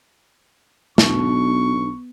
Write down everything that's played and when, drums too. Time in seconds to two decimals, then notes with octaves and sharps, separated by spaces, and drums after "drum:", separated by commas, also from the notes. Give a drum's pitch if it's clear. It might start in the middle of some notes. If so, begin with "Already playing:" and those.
0.98 B1 B2 D4 C#6, drum: snare